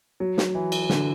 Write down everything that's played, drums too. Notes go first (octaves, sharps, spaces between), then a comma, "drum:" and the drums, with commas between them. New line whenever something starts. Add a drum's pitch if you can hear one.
F#3
drum: snare
E3
drum: cymbal
D3, drum: snare